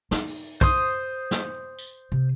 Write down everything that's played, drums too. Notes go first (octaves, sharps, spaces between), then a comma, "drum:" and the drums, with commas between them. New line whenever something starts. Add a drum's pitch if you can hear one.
D#4, drum: snare
drum: open hi-hat
C5 C6 D#6, drum: kick
drum: snare
drum: tambourine
C3